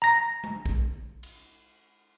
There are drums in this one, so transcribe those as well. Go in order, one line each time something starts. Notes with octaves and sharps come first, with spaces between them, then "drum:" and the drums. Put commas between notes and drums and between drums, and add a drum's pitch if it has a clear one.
A#5 A#6
drum: tom G#3
drum: kick
drum: cymbal